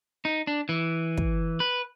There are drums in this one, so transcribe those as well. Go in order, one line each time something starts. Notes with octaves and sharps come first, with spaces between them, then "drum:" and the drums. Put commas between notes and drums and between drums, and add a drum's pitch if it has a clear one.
D#4
D4
E3
drum: kick
B4